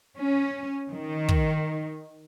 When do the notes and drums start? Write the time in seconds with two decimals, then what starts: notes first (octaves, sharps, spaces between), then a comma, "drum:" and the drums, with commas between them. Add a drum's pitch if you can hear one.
0.18 C#4
0.91 D#3
1.29 drum: kick